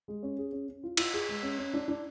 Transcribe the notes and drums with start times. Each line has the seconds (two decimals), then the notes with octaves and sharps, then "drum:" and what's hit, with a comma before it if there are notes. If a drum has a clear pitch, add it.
0.08 G#3
0.23 C#4
0.38 G#4
0.52 C#4
0.68 C#4
0.83 F4
0.97 F4, drum: cymbal
1.14 G#4
1.29 G#3
1.43 C#4
1.58 C#4
1.74 D4
1.88 D4